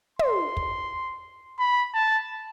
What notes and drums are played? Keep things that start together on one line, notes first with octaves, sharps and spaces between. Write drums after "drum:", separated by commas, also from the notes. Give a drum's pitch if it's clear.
C6, drum: tom
drum: kick
B5
A5